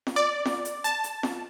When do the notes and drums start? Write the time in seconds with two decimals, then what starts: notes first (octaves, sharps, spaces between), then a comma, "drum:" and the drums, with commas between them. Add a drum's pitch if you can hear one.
0.07 drum: snare F4
0.16 D5
0.45 drum: snare F4
0.65 drum: hi-hat
0.84 A5, drum: hi-hat
1.04 drum: hi-hat
1.23 drum: snare F4